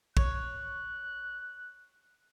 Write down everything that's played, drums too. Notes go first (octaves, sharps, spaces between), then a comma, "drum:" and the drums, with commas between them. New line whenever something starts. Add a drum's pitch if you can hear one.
C#5 F#6, drum: kick